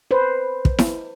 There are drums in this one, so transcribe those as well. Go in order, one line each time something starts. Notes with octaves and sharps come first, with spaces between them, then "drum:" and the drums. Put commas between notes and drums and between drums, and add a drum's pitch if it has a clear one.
B4 C5
drum: kick
drum: snare E4